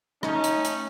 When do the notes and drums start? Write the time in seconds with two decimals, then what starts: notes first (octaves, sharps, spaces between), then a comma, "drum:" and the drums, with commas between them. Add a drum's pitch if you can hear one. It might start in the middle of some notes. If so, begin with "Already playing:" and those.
0.23 A3 C#4 D#4, drum: rim click
0.44 drum: hi-hat
0.65 drum: hi-hat